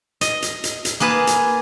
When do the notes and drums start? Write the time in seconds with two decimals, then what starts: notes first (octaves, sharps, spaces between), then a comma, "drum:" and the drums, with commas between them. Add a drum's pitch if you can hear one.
0.21 D#5, drum: hi-hat
0.42 drum: hi-hat
0.64 drum: hi-hat
0.85 drum: hi-hat
1.00 A#3 G#4 B4 A5
1.27 drum: hi-hat